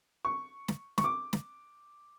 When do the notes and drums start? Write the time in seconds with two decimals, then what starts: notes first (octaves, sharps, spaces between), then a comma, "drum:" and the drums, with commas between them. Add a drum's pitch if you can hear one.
0.25 C#6
0.68 drum: snare
0.98 C#6, drum: snare
1.04 D6
1.33 drum: snare